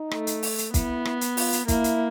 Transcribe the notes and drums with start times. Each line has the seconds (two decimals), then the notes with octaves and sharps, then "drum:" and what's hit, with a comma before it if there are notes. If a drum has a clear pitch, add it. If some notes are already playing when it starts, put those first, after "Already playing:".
Already playing: D#4
0.11 A3, drum: rim click
0.27 drum: hi-hat
0.43 drum: open hi-hat
0.58 drum: hi-hat
0.74 B3 E4, drum: kick, hi-hat
1.05 drum: rim click
1.21 drum: hi-hat
1.37 F4, drum: open hi-hat
1.53 drum: hi-hat
1.68 A#3 E4, drum: kick, hi-hat
1.84 drum: hi-hat